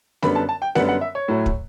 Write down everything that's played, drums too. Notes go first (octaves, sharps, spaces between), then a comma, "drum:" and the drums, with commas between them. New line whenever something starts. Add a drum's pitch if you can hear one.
F#2 D3 G3 B3 B5, drum: snare A3
A5
A5
G5
F#2 D3 G3 B3 F#5, drum: snare A3
F#5
E5
C#5
A2 F#3 A3
drum: kick